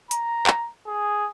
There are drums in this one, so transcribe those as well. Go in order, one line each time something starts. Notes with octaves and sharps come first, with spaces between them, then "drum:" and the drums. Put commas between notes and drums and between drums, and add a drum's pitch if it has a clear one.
A#5, drum: hi-hat
drum: clap
G#4